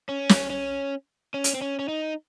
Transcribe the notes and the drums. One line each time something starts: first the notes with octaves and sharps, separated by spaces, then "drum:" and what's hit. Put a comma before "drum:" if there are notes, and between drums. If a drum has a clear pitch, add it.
C#4
drum: snare
C#4
C#4
drum: hi-hat
C4
C#4
C#4
D#4